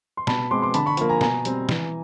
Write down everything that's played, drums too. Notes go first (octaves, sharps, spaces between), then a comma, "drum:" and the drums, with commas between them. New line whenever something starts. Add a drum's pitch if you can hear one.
C6
B2 A5 B5, drum: snare
G#3 C4 C6 D6
C6 D6
D3 A5 B5, drum: hi-hat
B5 C#6
F3 A#3, drum: hi-hat
G#5 A#5
B2 G#5 A#5, drum: snare
G3 C4, drum: hi-hat
E3, drum: snare